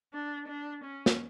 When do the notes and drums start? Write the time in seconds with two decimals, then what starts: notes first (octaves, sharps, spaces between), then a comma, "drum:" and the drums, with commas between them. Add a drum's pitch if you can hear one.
0.13 D4
0.48 D4
0.84 C#4
1.06 drum: snare